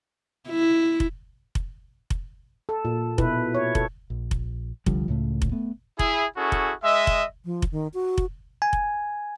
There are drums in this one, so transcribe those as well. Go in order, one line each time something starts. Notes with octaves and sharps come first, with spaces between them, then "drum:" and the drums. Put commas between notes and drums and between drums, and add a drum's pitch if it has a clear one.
E4
drum: kick F1
drum: kick F1
drum: kick F1
A4
A#2
B2 E4 B4, drum: kick F1
C#5
A4, drum: kick F1
A#1
drum: kick F1
C2 D3 F3 G3, drum: kick F1
C#2 A2 C#3 A3
drum: kick F1
A3 B3
E4 G#4, drum: kick F1
C#4 E4 F#4 G#4 A4
drum: kick F1
G#3 D#5 E5
drum: kick F1
F3
drum: kick F1
D#3
F#4
drum: kick F1
G#5
drum: kick F1